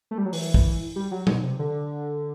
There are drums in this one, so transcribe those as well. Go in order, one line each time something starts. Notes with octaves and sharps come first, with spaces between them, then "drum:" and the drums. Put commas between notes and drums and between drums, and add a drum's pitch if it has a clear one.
A3
G3
F#3
E3, drum: open hi-hat
drum: kick
G3
F#3
B2, drum: tom F#3
C3
D3